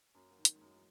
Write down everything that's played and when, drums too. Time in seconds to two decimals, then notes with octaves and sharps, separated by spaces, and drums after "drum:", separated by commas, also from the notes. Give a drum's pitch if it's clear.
0.14 F#2 A#3 C#4
0.30 F#3 A#3
0.38 D#3
0.45 A#3, drum: hi-hat
0.56 G#3
0.61 F#2 F#3
0.75 E3 G#3